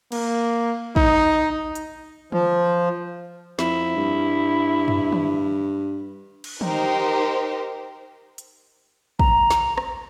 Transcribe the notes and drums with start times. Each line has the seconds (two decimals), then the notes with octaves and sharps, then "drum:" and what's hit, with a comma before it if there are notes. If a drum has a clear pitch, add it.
0.12 A#3, drum: cymbal
0.96 D#4, drum: kick
1.75 drum: hi-hat
2.32 F3, drum: tom
3.59 F2 E4, drum: snare
3.97 G2
4.88 drum: tom
5.12 drum: tom
6.44 drum: cymbal
6.61 D#4 G4 A#4 C5, drum: tom
8.38 drum: hi-hat
9.19 A#5, drum: kick
9.51 drum: snare
9.78 drum: rim click